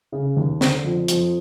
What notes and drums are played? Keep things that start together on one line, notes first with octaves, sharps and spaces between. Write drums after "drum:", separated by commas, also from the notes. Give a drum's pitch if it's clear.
C#3
D#2
D3, drum: snare
F2
F2, drum: hi-hat